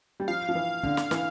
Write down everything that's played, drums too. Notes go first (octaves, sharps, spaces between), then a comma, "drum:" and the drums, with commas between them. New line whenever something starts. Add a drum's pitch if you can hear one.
G3
F3 F5
F3
E3
D3, drum: kick
drum: snare
E3, drum: snare